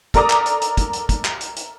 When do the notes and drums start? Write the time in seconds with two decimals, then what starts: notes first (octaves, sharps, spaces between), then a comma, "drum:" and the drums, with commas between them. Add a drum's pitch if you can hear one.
0.14 A4 A#4 D5 A#5 D6 D#6, drum: kick, hi-hat
0.30 drum: clap
0.46 drum: hi-hat
0.62 drum: hi-hat
0.77 drum: kick, hi-hat
0.93 drum: hi-hat
1.09 drum: kick, hi-hat
1.25 drum: clap
1.41 drum: hi-hat
1.56 drum: hi-hat